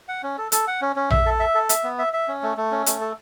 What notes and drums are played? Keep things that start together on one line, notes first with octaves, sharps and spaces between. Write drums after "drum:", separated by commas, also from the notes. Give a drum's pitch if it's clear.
F#5
C#4
A4
A4, drum: hi-hat
F#5
C#4
C#4
E5, drum: tom A#1
A4
E5
A4
E5, drum: hi-hat
B3
E5
E5
C#4
A3
A3
C#4
A3, drum: hi-hat
A4